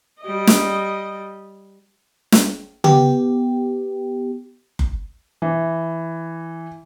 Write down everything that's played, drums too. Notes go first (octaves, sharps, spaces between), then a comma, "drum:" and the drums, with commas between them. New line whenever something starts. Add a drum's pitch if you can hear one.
G3 D#5
drum: snare
drum: snare
B3 G4, drum: tom C#3
drum: kick F#1
E3